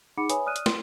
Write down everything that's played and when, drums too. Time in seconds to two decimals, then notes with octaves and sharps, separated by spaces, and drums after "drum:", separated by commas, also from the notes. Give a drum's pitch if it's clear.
0.17 D#4 G#4 F#5 B5 D6 C#7
0.30 B4 C#5 E5 G#5 B5 D#6, drum: hi-hat
0.46 D5 D#6 F6 F#6 D#7
0.56 drum: hi-hat
0.66 C6, drum: snare